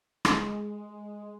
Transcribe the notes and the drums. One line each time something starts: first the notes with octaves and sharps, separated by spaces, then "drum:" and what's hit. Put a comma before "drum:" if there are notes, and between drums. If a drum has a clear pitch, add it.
G#3, drum: rim click